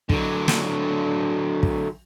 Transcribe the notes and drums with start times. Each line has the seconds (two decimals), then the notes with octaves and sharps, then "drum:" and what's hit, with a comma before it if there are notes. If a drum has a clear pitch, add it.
0.09 D3 F#3, drum: kick
0.48 drum: snare
1.63 drum: kick